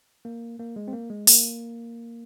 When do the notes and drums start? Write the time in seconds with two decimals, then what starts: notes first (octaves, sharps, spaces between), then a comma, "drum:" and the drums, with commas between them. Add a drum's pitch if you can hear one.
0.25 A#3
0.59 A#3
0.76 G#3
0.88 C4
0.93 A#3
1.10 G#3
1.27 A#3, drum: open hi-hat